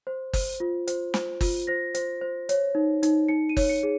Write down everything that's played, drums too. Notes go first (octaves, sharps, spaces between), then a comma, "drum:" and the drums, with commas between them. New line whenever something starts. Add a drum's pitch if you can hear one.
C5
C5, drum: kick, open hi-hat
F4
C5, drum: hi-hat
C5, drum: snare
F4, drum: kick, open hi-hat
C5 A#6
C5, drum: hi-hat
C5
C#5, drum: hi-hat
D#4
D#4, drum: hi-hat
D#4 C#7
D#7
C#5, drum: kick, open hi-hat
C#7
G#4